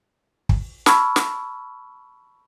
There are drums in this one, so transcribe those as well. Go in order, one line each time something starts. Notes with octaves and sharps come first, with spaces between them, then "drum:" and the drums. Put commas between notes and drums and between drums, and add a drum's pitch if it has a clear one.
drum: kick
A5 B5 C#6 E6 F6 G#6, drum: snare
drum: snare